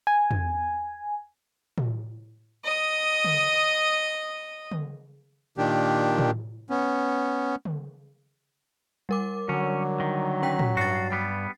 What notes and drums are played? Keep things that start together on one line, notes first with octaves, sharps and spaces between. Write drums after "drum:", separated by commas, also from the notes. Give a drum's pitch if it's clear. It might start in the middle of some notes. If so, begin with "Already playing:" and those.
G#5
drum: tom
drum: tom
D#5 D#6
drum: tom C#3
drum: tom C#3
A#2 D#3 D4 G4
drum: tom
B3 C#4
drum: tom C#3
G3 A#4 D6
D3 F#3 C#4
D#3
C#4 G5 B6
drum: tom
G2 F#4 A6 C7
G3 B3